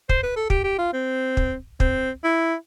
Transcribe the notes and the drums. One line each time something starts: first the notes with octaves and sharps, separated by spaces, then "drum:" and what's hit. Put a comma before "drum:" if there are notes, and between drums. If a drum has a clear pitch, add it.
C5, drum: kick
B4
A4
G4, drum: kick
G4
F4
C4
drum: kick
C4, drum: kick
E4